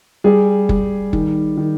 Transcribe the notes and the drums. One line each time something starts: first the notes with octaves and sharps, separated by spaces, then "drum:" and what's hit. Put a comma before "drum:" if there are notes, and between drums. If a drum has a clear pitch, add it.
G3 G#4
G3, drum: kick F#1
D#3, drum: kick F#1
D#3